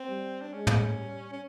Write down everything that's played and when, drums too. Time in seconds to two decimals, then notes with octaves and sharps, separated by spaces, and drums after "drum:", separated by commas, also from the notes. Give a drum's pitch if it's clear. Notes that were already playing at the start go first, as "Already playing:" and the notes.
Already playing: C4
0.08 G3
0.41 D4
0.53 G#3 C#4
0.67 drum: tom
0.97 G3
1.33 C#4